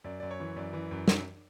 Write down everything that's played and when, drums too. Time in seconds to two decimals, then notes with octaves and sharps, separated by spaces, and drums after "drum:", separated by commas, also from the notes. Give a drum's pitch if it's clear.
0.04 F#2 D5
0.20 F#2 D5
0.31 C#5
0.40 E3
0.56 F#2 D5
0.73 E3
0.91 F#2
1.08 F#2, drum: snare